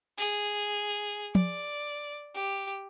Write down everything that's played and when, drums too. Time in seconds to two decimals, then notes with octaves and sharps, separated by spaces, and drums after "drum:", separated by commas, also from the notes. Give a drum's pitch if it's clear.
0.18 G#4, drum: open hi-hat
1.35 D5, drum: tom F3
2.35 G4